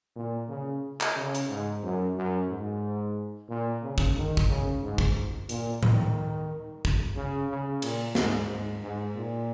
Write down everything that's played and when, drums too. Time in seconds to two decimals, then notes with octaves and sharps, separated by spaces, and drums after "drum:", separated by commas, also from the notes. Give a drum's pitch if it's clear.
0.16 A#2
0.49 C#3
1.01 drum: clap
1.16 C#3
1.35 drum: hi-hat
1.49 G#2
1.83 F#2
2.16 F#2
2.49 G#2
3.49 A#2
3.82 C#3
3.98 drum: kick
4.16 D#3
4.37 drum: kick
4.49 C#3
4.83 G#2
4.98 drum: kick
5.49 A#2, drum: hi-hat
5.83 D#3, drum: tom A2
6.85 drum: kick
7.16 C#3
7.49 C#3
7.82 A#2, drum: cymbal
8.15 G#2, drum: snare
8.49 G#2
8.82 G#2
9.15 A#2